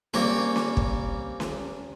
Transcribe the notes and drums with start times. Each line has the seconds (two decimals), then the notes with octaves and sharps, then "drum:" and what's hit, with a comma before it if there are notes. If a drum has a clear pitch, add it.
0.14 G3 A#3 C4 C#4 A#4, drum: snare C#4
0.56 drum: snare C#4
0.77 drum: kick
1.40 drum: snare C#4